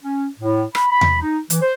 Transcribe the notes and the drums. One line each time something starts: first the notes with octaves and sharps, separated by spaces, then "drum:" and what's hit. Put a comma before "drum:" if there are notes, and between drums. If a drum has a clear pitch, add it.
C#4
A2
B5, drum: rim click
B5
drum: tom E2
D#4
E3, drum: hi-hat
C5